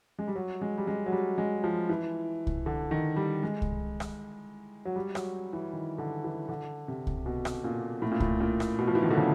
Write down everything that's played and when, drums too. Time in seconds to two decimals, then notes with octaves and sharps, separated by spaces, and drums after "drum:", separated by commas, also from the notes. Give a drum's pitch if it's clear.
0.19 G#3
0.28 G3
0.35 F#3
0.61 G#3
0.78 G3
0.87 G#3
1.06 F#3
1.12 G3
1.38 G#3
1.64 F3
1.89 E3
2.47 drum: kick C2
2.66 D3
2.91 D#3
3.16 G3
3.43 G#3
3.62 drum: kick C2
4.00 drum: rim click
4.85 F#3
4.96 G3
5.15 F#3, drum: rim click
5.53 E3
5.73 D#3
5.98 D3
6.24 E3
6.49 D3
6.88 C3
7.07 drum: kick C2
7.26 B2
7.45 drum: rim click
7.64 A#2
8.02 A2
8.12 A#2
8.20 A2, drum: kick C2
8.40 A#2
8.60 drum: rim click
8.79 B2
8.88 F3
8.95 E3
9.03 D#3
9.11 D3
9.17 C#3